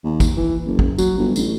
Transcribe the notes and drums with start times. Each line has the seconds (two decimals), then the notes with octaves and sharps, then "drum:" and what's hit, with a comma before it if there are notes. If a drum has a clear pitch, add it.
0.04 D#2
0.20 drum: kick, tambourine
0.37 E3
0.66 F#1
0.79 drum: kick
0.98 F#3, drum: tambourine
1.18 G1
1.36 A1, drum: tambourine